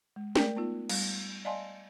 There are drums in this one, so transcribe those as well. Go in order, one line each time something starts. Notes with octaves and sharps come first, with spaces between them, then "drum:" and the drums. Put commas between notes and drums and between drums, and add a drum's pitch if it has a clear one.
G#3
A3 A#4 D5, drum: snare
B3 D#4 F4
G3, drum: cymbal
D5 D#5 F5 G#5 A5 C6